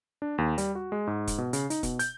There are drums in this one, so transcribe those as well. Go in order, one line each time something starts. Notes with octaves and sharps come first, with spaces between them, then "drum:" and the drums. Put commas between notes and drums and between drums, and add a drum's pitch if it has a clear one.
D4
D#2
G3, drum: hi-hat
F#4
G#3
G#2
drum: kick E1, hi-hat
B2
C#3, drum: hi-hat
D#4, drum: hi-hat
B2, drum: kick E1, hi-hat
G6, drum: hi-hat